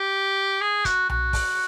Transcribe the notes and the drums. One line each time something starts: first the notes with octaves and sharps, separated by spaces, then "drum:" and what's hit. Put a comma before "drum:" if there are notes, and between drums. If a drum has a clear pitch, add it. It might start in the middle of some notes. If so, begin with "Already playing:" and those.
Already playing: G4
G#4
F#4, drum: kick, hi-hat
F#4, drum: tom B1
drum: kick, open hi-hat